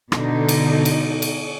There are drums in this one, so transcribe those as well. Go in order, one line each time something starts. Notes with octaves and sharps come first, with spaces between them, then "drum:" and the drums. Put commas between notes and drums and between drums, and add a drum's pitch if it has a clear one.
B2 D3 D#4, drum: rim click
drum: cymbal
drum: cymbal
drum: cymbal